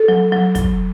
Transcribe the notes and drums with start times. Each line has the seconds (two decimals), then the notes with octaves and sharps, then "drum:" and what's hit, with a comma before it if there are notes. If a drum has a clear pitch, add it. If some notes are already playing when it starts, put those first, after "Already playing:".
Already playing: A4
0.08 F#3
0.32 F#3
0.55 F#3, drum: kick, hi-hat